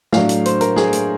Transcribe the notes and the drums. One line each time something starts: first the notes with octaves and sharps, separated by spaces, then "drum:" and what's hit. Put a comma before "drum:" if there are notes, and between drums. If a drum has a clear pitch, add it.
A2 F#3 A3 D4 F5, drum: snare
drum: hi-hat
C5, drum: hi-hat
A#4, drum: hi-hat
G#4, drum: snare
drum: hi-hat